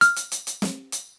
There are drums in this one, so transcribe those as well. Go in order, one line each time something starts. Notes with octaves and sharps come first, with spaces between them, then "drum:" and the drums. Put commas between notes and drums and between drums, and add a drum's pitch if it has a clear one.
F6, drum: hi-hat
drum: hi-hat
drum: hi-hat
drum: hi-hat
drum: snare
drum: hi-hat